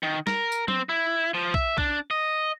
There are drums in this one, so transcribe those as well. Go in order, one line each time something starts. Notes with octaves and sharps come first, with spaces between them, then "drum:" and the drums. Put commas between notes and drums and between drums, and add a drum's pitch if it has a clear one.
D#3
A#4, drum: snare G3
drum: tambourine
C4, drum: tom F#3
E4
F3
E5, drum: kick B1
D4, drum: kick B1
D#5